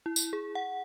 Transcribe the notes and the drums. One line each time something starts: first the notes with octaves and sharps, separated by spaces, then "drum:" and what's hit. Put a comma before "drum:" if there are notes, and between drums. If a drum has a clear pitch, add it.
E4
drum: tambourine
G#4
F#5